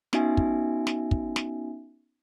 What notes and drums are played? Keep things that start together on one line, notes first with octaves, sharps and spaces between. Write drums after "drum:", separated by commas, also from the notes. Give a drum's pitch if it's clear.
B3 C#4 D#4 F#4 E5 G#5, drum: snare
drum: kick
drum: snare
drum: kick
drum: snare